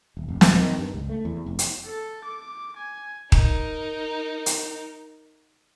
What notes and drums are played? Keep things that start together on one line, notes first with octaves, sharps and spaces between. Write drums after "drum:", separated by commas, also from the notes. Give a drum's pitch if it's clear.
D#1
F1
D#1, drum: snare
D#3
G2
C#2
A3
E2
F1
drum: hi-hat
A4
D6
G#5
D#4 A#4, drum: kick D#1
drum: hi-hat